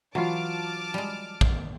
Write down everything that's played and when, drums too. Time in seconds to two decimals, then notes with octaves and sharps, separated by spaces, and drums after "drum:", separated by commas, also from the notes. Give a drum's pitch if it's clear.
0.15 E3 F#3 F4 A5 D6 F6
0.94 G3 G#3
1.41 drum: kick